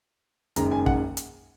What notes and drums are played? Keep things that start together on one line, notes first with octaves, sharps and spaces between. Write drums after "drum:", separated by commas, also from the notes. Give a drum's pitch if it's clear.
F#1 F#2 D#3 G#3 A#5, drum: hi-hat
G#5
F#5, drum: kick
drum: hi-hat